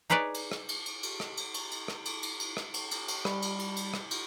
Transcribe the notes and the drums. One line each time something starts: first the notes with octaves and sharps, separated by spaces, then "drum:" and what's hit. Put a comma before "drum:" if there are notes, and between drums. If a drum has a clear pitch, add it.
D#4 G#4 B4 C#5 D5
drum: cymbal
drum: rim click
drum: cymbal
drum: cymbal
drum: cymbal
drum: rim click
drum: cymbal
drum: cymbal
drum: cymbal
drum: rim click
drum: cymbal
drum: cymbal
drum: cymbal
drum: rim click
drum: cymbal
drum: cymbal
drum: cymbal
G3 B5, drum: rim click
drum: cymbal
drum: cymbal
drum: cymbal
drum: rim click
drum: cymbal